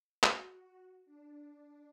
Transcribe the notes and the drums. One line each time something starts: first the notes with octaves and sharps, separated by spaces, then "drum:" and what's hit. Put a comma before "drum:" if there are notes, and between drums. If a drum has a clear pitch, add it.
F#4, drum: clap
D4